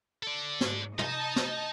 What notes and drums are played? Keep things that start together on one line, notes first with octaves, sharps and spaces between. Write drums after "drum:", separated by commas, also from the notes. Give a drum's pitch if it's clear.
A4 D5
G#2, drum: snare
D#4 D#5 A5, drum: tom
drum: snare